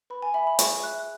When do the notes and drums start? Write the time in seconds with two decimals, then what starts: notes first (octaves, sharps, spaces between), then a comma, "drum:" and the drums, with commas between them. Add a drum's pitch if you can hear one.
0.10 B4 B5
0.22 G#5
0.34 E5 B5
0.47 B5
0.59 G#4 C#6, drum: hi-hat
0.84 E5 F#6